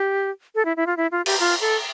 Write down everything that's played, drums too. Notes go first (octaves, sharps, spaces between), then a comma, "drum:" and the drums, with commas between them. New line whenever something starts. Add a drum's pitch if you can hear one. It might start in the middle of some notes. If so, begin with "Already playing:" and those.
Already playing: G4
A4
E4
E4
F4
E4
F4
G4, drum: cymbal
F4
A4